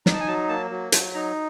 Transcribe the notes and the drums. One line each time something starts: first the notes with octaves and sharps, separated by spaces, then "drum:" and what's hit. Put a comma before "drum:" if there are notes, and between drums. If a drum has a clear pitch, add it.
D#4 A#5, drum: snare
A5
G#5
F#3 A5
A#3 A5
F#3
F#3 A5, drum: hi-hat
D#4 A#5